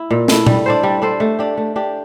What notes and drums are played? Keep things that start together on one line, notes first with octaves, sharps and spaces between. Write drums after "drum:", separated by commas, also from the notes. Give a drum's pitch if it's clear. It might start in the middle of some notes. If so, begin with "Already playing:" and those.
Already playing: E4
A#2
A3 E4, drum: snare
G3, drum: tom A#2
D4 A4 C5
G3
D4 A4 C5
A3
D4 G4
A3
D4 G4